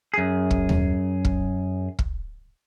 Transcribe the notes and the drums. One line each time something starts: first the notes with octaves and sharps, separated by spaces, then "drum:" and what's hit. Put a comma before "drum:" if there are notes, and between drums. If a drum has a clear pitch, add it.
F#2 G#4
drum: kick
drum: tom D#2
drum: kick
drum: kick